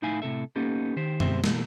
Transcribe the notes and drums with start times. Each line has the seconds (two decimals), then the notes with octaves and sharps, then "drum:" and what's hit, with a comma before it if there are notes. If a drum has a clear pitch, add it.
0.02 A2 D#4 E4 F5 G#5
0.22 A2 C3 A4 E5
0.56 A#3 B3 C#4 D#4 G4 A4
0.97 D#3 G4 C5
1.20 B2 G#3 C4 G4 C5 E5, drum: tom
1.44 B2 E3 G3 A3 A#3, drum: snare